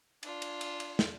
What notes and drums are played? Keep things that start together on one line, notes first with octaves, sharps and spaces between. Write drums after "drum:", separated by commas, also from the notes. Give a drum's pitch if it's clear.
D4 F4, drum: cymbal
drum: cymbal
drum: cymbal
drum: cymbal
drum: snare